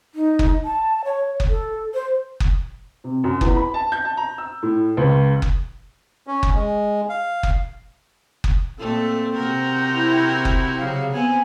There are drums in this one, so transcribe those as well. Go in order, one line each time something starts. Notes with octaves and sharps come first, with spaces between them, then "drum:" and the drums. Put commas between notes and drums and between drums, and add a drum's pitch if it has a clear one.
D#4
drum: kick F#1
A5
C#5
drum: kick F#1
A4
C5
drum: kick F#1
C3
F#2
E2, drum: kick F#1
B5
A5
G6
A5
A#5
E6
A2
C#2
drum: kick F#1
C#4
drum: kick F#1
G#3
F5
drum: kick F#1
drum: kick F#1
A#2 A3 C4 A4
C3 F#4 A#4 A#5 G6
E4
drum: kick F#1
C#3 F#3 F5
B3 C4 G#5